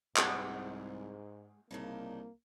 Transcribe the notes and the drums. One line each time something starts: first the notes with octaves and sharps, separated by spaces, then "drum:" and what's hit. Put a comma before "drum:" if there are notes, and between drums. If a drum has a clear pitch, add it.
C2 G#2 G#3 G#4 F#5, drum: clap
C2 C#3 A#3 D4 D#4